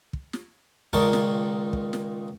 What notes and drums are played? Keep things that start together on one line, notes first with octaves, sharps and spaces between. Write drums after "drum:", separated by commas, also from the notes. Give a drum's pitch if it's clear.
drum: kick
drum: snare
C#2 A#2 D#3 A#4 A5 C#6, drum: kick
drum: snare
drum: kick
drum: snare